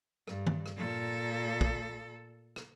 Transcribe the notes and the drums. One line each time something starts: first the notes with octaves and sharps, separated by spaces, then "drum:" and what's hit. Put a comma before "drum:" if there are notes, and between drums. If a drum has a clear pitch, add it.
G2, drum: rim click
drum: tom D#3
drum: rim click
A#2 A4
drum: kick
drum: rim click